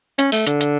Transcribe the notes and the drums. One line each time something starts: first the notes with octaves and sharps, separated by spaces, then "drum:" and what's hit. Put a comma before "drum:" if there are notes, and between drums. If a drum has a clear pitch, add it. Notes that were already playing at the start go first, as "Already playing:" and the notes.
C#4, drum: hi-hat
A3, drum: open hi-hat
D3, drum: hi-hat
drum: hi-hat